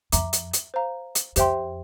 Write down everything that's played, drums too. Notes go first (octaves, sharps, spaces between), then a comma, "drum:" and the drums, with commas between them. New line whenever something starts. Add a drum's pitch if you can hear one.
F2 E5 A#5 D6, drum: hi-hat
drum: hi-hat
drum: hi-hat
C5 F5 A#5
drum: hi-hat
F2 G4 C5 E5 G5 C6, drum: hi-hat